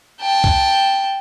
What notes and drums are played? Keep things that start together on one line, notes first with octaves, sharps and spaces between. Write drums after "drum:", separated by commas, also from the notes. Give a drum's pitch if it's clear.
G5 A5
drum: kick C2